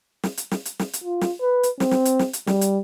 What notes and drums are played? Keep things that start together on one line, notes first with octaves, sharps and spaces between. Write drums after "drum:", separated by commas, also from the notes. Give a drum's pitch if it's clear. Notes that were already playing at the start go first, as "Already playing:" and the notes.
drum: snare
drum: hi-hat
drum: snare
drum: hi-hat
drum: snare
drum: hi-hat
F4
drum: snare
B4
drum: hi-hat
C4, drum: snare
drum: snare
drum: hi-hat
drum: snare
drum: hi-hat
G3, drum: snare
drum: hi-hat